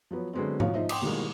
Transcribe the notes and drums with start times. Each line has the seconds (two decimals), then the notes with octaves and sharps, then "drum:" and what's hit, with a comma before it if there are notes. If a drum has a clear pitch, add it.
0.11 F3 F#3 B3
0.33 D3 F#3 G#3 B3 C4
0.60 B2 F3 C#5 F5, drum: tom G#2
0.74 F3 D#4 C5 D#5 E5
0.89 G5 C6 D6 D#6, drum: cymbal
1.02 B2 D#3 E3 G3 G#3 A#3